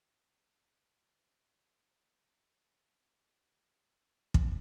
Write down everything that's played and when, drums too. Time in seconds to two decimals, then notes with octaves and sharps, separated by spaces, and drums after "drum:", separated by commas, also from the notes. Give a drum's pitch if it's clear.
0.18 A#1 A4
3.84 C#3 E3 F4 A4 A#4 C5
4.34 drum: kick